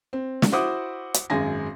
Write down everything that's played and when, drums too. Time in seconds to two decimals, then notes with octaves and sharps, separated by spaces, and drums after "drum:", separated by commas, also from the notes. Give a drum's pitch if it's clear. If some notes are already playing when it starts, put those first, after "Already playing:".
0.13 C4
0.42 drum: snare
0.52 E4 F#4 C5 F#5 D6 D#6
1.14 drum: hi-hat
1.30 G#1 F#2 G#3 G#5 A#6